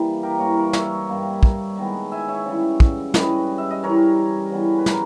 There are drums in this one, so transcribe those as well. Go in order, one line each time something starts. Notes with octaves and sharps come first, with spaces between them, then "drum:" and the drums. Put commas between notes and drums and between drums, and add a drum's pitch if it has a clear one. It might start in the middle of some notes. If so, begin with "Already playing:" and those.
Already playing: E3 G3 A#3
G4 A#4
G2 E3 A#3 A#4 C#5
A#4 C#5
C#5 E5, drum: snare
G2 G3 A#3
drum: kick
D#3 G#3 B3
E5 G#5
C#5 E5
C#3 E3 G3
drum: kick
G2 G3 C#4 E4 B4 D#5, drum: snare
E5
D#5
E3 G3 C#4 E4 A#4 C#5
C#3 E3 G3 B3
B4
A#4 C#5, drum: snare